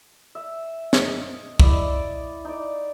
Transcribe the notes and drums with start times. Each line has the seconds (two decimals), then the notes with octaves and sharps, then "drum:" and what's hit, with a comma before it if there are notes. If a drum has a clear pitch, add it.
0.35 E5
0.93 D#5, drum: snare
1.60 E4 D5 D#5, drum: kick
2.45 D#4 D5